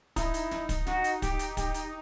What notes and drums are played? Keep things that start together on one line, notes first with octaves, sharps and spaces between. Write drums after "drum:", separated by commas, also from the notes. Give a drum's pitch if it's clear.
D#4 E4, drum: kick, hi-hat
drum: hi-hat
drum: snare
drum: kick, hi-hat
F#4, drum: snare
drum: hi-hat
G4, drum: kick, hi-hat
drum: hi-hat
G4, drum: kick, hi-hat
drum: hi-hat